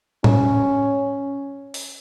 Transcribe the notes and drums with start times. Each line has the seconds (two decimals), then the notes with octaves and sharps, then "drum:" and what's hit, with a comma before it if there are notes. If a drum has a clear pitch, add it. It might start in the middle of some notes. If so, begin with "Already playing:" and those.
0.24 C#4, drum: tom A2
1.74 drum: open hi-hat